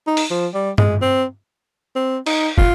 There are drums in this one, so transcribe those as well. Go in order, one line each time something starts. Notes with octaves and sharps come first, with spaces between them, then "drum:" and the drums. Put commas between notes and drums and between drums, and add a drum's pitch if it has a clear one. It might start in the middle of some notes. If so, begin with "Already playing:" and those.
D#4
drum: open hi-hat
F3
G3
G#3, drum: tom G2
C4
C4
D#4, drum: cymbal
F4, drum: kick